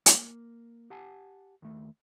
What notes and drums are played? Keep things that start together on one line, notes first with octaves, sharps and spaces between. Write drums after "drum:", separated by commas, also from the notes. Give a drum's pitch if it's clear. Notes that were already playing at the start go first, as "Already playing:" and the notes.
A#3, drum: hi-hat
G4 F#5 G#5 A5
D#2 A3